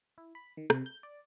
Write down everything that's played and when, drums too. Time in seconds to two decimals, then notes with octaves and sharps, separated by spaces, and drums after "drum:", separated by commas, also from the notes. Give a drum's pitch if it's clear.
0.18 E4
0.35 B5
0.57 D#3
0.70 C3, drum: rim click
0.86 G6
1.03 D5